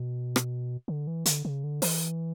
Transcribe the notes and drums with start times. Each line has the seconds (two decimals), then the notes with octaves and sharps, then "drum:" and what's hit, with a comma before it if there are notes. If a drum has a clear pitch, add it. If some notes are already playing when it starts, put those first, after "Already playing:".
Already playing: B2
0.36 drum: rim click
0.88 D3
1.07 E3
1.26 D3, drum: hi-hat
1.45 C#3
1.64 D3
1.82 E3, drum: open hi-hat